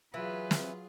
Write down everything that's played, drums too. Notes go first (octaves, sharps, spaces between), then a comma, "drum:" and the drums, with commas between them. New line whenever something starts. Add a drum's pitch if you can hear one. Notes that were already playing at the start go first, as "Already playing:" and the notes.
E3 F#3 F4 G#4 B4
drum: snare